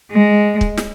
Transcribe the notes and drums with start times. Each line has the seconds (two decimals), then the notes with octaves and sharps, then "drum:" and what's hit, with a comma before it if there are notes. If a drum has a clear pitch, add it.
0.12 G#3
0.61 drum: kick
0.77 drum: snare